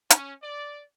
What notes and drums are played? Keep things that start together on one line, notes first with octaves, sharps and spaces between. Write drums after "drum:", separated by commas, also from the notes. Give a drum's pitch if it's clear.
C#4, drum: hi-hat
D5